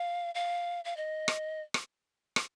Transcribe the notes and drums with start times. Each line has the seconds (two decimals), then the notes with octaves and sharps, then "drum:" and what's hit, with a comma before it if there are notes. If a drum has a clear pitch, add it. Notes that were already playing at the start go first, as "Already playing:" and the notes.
Already playing: F5
0.35 F5
0.85 F5
0.97 D#5
1.28 drum: rim click
1.74 drum: rim click
2.36 drum: rim click